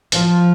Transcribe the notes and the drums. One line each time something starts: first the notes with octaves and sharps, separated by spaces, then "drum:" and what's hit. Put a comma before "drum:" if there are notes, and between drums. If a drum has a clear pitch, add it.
F3, drum: hi-hat